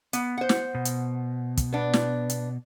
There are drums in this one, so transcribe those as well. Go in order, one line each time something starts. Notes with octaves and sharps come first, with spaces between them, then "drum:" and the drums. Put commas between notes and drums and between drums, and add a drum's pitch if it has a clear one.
B3, drum: hi-hat
C5 F#5
drum: snare
B2
drum: hi-hat
drum: kick, hi-hat
B3 D4
drum: snare
drum: hi-hat